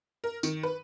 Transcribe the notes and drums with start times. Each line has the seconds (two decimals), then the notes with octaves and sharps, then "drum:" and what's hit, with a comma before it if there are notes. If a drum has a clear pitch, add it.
0.24 A#4
0.43 D#3, drum: tambourine
0.63 B4